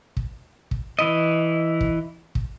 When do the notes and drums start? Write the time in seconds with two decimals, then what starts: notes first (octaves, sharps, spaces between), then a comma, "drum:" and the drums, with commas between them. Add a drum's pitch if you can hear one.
0.17 drum: kick
0.71 drum: kick
0.99 E3 E4 D#5
1.81 drum: kick
2.35 drum: kick